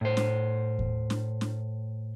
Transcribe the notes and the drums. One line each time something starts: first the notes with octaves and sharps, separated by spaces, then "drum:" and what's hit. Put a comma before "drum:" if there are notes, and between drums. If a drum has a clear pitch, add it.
A2 C5
drum: snare
drum: kick D#2
drum: snare
drum: snare